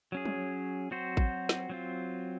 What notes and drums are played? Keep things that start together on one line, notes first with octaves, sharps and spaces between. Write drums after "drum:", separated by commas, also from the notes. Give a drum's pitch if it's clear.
F#3 C#4 G#4
drum: tom F3
F#3 C4 F#4 C5
drum: kick A1
drum: snare
F#3 C4 F4